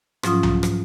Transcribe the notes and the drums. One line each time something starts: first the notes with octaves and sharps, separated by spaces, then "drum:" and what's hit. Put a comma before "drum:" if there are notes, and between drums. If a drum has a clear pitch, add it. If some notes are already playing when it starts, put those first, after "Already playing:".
G#2 F3 F#3 C#4 F4 D#6, drum: rim click
drum: tom C2
drum: rim click